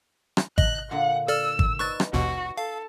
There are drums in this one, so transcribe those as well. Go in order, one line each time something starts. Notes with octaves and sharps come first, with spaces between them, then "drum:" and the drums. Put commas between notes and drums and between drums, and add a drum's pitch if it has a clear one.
drum: rim click
D#5 F#6, drum: kick G#1
A#2 D3 A#3 F#5
A4 D5 E6 F6
drum: kick G#1
D#4 B4 D5 C#6 F#6 A6
drum: rim click
A1 D#2 B2 F#4
A4 F5